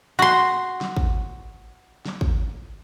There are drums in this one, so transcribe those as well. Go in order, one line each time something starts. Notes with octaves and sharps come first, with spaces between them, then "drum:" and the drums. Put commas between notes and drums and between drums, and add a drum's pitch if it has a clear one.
F#4 C6
drum: snare
drum: kick
drum: snare
drum: kick